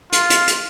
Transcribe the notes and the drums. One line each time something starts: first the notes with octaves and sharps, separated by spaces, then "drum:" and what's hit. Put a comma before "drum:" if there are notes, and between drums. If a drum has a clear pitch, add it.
F4, drum: hi-hat
drum: hi-hat
drum: hi-hat